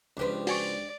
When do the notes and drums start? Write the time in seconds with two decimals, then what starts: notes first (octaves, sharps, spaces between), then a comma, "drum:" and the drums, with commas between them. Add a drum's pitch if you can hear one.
0.17 C#2 F3 D4 G4 B4
0.47 F#4 D5 G#5 C#6, drum: open hi-hat